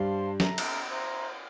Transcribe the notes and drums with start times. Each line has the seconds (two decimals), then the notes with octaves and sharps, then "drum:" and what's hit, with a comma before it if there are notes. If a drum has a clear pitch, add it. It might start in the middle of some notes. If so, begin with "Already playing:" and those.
Already playing: G2 G3 C5 F5 A5 C6
0.40 A4 E5 A#5, drum: snare
0.58 drum: cymbal
0.89 C5 E5 A#5